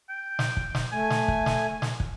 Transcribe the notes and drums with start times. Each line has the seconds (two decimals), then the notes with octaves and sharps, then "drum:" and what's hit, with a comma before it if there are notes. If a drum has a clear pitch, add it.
0.09 G5
0.39 drum: snare
0.57 drum: kick
0.75 drum: snare
0.92 A3 G#5
1.10 drum: snare
1.28 drum: kick
1.46 drum: snare
1.82 drum: snare
2.00 drum: kick